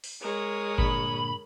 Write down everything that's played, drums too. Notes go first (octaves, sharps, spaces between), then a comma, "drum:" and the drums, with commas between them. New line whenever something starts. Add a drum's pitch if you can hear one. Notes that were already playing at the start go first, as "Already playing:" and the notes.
drum: open hi-hat
G#3 A#4 C#5 D#6
G2 A#2 D3 B5, drum: kick G1